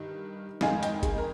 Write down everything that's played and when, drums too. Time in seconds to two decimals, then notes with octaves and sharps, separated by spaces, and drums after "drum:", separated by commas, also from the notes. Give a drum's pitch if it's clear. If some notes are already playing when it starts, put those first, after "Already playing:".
Already playing: G2 D#3 G3
0.61 F2 D#3 G#3 F5 G#5, drum: snare G#3
0.83 D#5 G5, drum: hi-hat
1.03 G#4, drum: kick, hi-hat
1.18 A#4